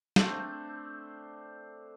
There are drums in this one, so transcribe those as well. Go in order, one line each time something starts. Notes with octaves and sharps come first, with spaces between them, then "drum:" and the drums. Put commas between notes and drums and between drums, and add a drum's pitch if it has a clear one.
A3 C4 D4 C5, drum: snare